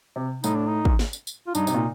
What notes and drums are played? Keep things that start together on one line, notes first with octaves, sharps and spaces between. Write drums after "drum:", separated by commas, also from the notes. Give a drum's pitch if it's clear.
C3
A2 D#4, drum: tambourine
D4
D#4
drum: kick
drum: snare
drum: tambourine
drum: tambourine
F4
G2 D#4, drum: tambourine
C3, drum: tambourine
A#2